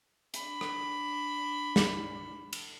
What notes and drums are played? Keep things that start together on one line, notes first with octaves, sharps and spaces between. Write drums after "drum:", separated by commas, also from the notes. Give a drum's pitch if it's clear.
D4 B5, drum: hi-hat
drum: rim click
drum: snare
drum: cymbal